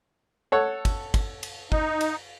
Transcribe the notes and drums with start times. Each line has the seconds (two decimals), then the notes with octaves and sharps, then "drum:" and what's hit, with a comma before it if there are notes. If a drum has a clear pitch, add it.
0.52 A4 C#5 F#5
0.85 drum: kick, cymbal
1.14 drum: kick, cymbal
1.43 drum: cymbal
1.72 D#4, drum: kick
2.01 drum: cymbal